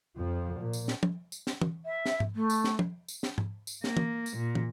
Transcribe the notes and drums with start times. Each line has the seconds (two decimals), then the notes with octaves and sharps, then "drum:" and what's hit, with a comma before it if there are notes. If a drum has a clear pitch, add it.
0.17 F2 F3
0.60 A#2
0.73 drum: tambourine
0.88 drum: snare
1.03 drum: tom
1.32 drum: tambourine
1.47 drum: snare
1.62 drum: tom
1.85 E5
2.06 drum: snare
2.20 drum: tom G#2
2.35 A3
2.50 drum: tambourine
2.64 drum: snare
2.79 drum: tom
3.08 drum: tambourine
3.23 drum: snare
3.38 drum: tom G#2
3.67 drum: tambourine
3.84 A#3, drum: snare
3.97 drum: tom
4.26 drum: tambourine
4.36 A#2
4.55 drum: tom